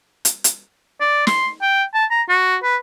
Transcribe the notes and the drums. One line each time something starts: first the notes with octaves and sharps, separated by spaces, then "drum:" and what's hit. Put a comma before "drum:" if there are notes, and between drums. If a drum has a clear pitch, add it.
drum: hi-hat
drum: hi-hat
D5
C6, drum: snare
G5
A5
A#5
F#4
B4